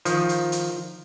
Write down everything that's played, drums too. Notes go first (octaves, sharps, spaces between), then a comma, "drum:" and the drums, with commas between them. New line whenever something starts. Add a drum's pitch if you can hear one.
D#3 F3, drum: hi-hat
drum: hi-hat
drum: hi-hat